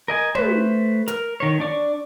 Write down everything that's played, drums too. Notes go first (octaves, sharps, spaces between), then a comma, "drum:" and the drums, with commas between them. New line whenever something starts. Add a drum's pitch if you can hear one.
A#4 D#5 G#5
A3 B4 C5, drum: tom
A#4 F6, drum: hi-hat
D#3 C#5
D4 D5 C#6